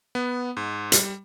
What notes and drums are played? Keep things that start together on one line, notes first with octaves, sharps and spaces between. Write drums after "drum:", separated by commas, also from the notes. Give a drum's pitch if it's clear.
B3
G#2
G3, drum: hi-hat